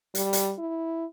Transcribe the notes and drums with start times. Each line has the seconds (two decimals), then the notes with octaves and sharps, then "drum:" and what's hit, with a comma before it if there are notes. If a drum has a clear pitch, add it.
0.15 G3, drum: hi-hat
0.33 drum: hi-hat
0.59 E4